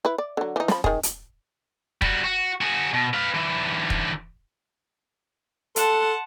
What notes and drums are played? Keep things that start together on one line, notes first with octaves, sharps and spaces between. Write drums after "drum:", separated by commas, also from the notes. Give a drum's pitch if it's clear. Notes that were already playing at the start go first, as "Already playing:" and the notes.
E4 B4
D5
D3 F#3
E3 D#4
F3 B5, drum: snare
D#3 G#4, drum: kick
drum: hi-hat
G3 F#4, drum: kick
F#4
F#4 G#4
B2
B4 F5
D3 E3
drum: kick
A4 F#5 A5 C6, drum: hi-hat